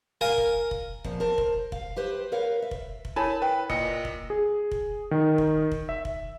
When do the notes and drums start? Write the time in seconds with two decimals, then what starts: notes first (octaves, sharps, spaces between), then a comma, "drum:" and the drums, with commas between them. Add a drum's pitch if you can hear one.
0.21 A#4 F5 G#5
0.38 drum: kick F1
0.71 drum: kick F1
1.04 A#2 F3, drum: kick F1
1.20 A#4 C5 A5
1.38 drum: kick F1
1.72 F5, drum: kick F1
1.96 G4 B4 C5
2.32 A#4 B4 C#5 F5
2.62 E5
2.71 drum: kick F1
3.05 drum: kick F1
3.16 E4 A#4 C#5 G#5 A5 B5
3.42 B4 G5
3.70 A#2 D#5 C#7, drum: kick F1
4.05 drum: kick F1
4.30 G#4
4.72 drum: kick F1
5.11 D#3
5.38 drum: kick F1
5.72 drum: kick F1
5.89 E5
6.05 drum: kick F1